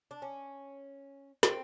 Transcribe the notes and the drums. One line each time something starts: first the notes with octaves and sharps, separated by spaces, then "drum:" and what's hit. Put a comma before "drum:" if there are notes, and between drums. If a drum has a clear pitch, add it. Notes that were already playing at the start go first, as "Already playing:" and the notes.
D4
C#4
C4, drum: snare